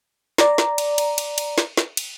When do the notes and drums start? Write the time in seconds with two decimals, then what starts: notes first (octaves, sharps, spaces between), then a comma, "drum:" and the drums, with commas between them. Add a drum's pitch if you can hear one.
0.38 D5 A#5, drum: snare
0.58 drum: snare
0.78 drum: cymbal
0.98 drum: cymbal
1.18 drum: cymbal
1.38 drum: cymbal
1.58 drum: snare
1.77 drum: snare
1.97 drum: cymbal